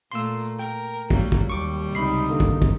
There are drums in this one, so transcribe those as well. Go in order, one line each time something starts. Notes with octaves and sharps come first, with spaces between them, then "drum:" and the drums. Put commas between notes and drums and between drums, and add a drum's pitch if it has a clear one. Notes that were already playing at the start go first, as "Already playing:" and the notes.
A#2 A3 A#3 C6 E6
A#4 G5
F#3 G3 A#3, drum: kick
drum: kick
D#2 G3 C#6 D6
C#2 C3 D#4 B5 C7
D3 A#3
drum: kick
drum: kick